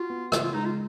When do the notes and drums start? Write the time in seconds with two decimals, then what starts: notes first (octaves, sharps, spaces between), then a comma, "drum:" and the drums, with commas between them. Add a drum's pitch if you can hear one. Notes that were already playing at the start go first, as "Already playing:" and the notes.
Already playing: F4 F#4
0.10 B3
0.32 C#3 F4, drum: rim click
0.43 F4
0.54 G#3 D#4
0.66 F4